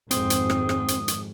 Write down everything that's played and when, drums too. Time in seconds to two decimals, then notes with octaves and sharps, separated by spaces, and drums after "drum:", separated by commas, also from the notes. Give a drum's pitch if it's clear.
0.11 G#1 F2 G#2 C4 D#6, drum: hi-hat
0.30 drum: hi-hat
0.50 drum: rim click
0.69 drum: rim click
0.88 drum: hi-hat
1.08 drum: hi-hat